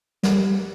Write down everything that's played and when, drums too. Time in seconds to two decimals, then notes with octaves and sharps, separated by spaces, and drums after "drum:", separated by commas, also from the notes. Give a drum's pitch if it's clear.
0.23 G3, drum: snare